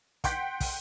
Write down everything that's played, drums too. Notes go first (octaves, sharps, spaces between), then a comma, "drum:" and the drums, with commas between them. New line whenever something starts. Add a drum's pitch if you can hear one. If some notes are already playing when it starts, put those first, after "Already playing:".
F#5 G5 C6 G6 B6, drum: kick, hi-hat
drum: kick, open hi-hat